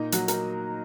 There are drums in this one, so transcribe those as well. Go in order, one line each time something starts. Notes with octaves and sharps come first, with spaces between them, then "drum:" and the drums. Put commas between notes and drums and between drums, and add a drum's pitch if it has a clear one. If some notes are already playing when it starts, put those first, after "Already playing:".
Already playing: A#2 A#3 D#4
F#3 F#4, drum: hi-hat
A#4, drum: hi-hat